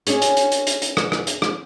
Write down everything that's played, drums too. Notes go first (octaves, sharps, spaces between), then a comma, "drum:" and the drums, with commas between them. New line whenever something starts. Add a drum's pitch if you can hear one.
C#4 D4 G#4 C#5, drum: hi-hat
drum: hi-hat
drum: hi-hat
drum: hi-hat
drum: hi-hat
drum: hi-hat
drum: rim click
drum: rim click
drum: hi-hat
drum: rim click